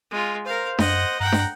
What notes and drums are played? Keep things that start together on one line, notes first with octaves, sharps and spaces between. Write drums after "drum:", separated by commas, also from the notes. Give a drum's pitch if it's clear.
G#3 F4
A#4 C5 F5
F#2 D#5 F#5, drum: snare D4
G2 F#5 G5 A#5
drum: snare D4